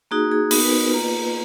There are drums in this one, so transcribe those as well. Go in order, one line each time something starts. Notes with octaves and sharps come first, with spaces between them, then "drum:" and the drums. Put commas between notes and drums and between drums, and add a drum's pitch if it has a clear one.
A#3 D#4 F#4 G#4
G#4
B3 D#4 F#4 A#4, drum: open hi-hat
B4
B4
A#3 F4